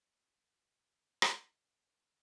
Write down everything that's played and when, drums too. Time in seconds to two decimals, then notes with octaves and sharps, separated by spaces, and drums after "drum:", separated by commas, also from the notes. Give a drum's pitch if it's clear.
0.14 B4 D5
1.22 drum: rim click